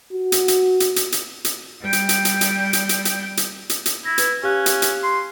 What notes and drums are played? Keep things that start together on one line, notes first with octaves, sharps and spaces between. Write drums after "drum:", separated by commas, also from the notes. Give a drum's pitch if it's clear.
F#4
drum: hi-hat
drum: hi-hat
drum: hi-hat
drum: hi-hat
drum: hi-hat
drum: hi-hat
G3 G5
drum: hi-hat
drum: hi-hat
drum: hi-hat
drum: hi-hat
drum: hi-hat
drum: hi-hat
drum: hi-hat
drum: hi-hat
drum: hi-hat
drum: hi-hat
E4 A#6
B4, drum: hi-hat
C#4 G4 F5 F#6
drum: hi-hat
drum: hi-hat
C6